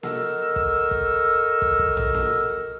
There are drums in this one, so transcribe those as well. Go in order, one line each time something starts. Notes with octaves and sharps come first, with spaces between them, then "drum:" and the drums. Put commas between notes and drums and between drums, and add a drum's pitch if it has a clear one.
F#4 A4 A#4 D#5 E6, drum: snare A#3
drum: kick
drum: kick
drum: kick
drum: kick
drum: tom A#1
drum: snare A#3